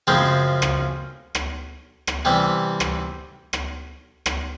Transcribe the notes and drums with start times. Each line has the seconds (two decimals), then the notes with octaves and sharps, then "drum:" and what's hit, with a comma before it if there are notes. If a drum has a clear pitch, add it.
0.07 F#2 C#3 F3 G#3 C4
0.62 drum: rim click
1.35 drum: rim click
2.07 drum: rim click
2.25 C3 E3 G3 B3 E4
2.80 drum: rim click
3.53 drum: rim click
4.26 drum: rim click